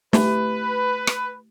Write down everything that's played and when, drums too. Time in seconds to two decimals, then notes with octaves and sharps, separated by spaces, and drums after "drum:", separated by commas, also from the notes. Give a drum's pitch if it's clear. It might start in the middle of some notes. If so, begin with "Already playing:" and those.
0.13 A3 G4 B4, drum: snare
1.07 drum: rim click